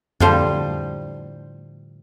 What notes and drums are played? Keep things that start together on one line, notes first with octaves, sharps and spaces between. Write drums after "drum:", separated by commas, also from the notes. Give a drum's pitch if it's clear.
A2 D3 F3 G3 C5, drum: tom F2